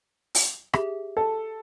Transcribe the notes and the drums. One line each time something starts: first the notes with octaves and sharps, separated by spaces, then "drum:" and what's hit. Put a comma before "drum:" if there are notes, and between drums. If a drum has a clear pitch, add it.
drum: open hi-hat
G4 G#4 E5, drum: rim click
A4